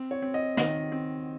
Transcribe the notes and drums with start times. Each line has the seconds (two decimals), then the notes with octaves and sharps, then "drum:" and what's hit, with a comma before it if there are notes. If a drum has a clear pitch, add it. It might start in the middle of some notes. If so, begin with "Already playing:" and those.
Already playing: C4
0.11 C#5
0.22 C4
0.34 D#5
0.57 D#3 D#5, drum: snare
0.92 C4